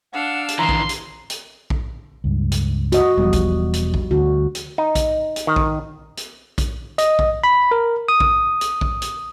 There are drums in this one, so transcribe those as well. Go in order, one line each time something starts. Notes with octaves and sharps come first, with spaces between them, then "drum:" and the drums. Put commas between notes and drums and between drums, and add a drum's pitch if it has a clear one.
D4 F5 F#5 E6
drum: hi-hat
D#3 E3 A#5 C6
drum: kick A#1
drum: hi-hat
drum: hi-hat
drum: kick A#1
C#2 G2
drum: hi-hat
F#4 D#5, drum: hi-hat
E1 B2 F3 G3
drum: kick A#1, hi-hat
drum: hi-hat
drum: kick A#1
D2 F#4
drum: hi-hat
D#4
drum: kick A#1, hi-hat
drum: hi-hat
D#3
drum: kick A#1
drum: hi-hat
drum: kick A#1, hi-hat
D#5, drum: hi-hat
drum: kick A#1
B5
A#4
D#6
drum: kick A#1
drum: hi-hat
drum: kick A#1
drum: hi-hat